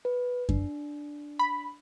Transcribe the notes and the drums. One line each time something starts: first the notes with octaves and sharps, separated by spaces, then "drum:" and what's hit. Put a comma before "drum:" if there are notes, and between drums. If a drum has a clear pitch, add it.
B4
D4, drum: kick F#2
B5